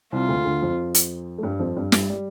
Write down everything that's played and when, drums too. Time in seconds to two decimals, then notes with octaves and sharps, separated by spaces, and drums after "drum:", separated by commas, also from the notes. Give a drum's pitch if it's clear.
0.12 C2 C3 F4
0.28 D2 D3
0.45 D2 D3
0.62 F2 F3
0.94 drum: hi-hat
1.38 A3
1.43 G2 G3
1.59 F2 F3
1.76 G2 G3
1.92 G2 G3, drum: snare
2.10 G3